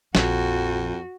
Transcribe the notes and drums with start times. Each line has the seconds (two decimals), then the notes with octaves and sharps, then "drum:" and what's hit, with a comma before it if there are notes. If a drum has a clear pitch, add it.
0.15 A#1 F2 F#4, drum: snare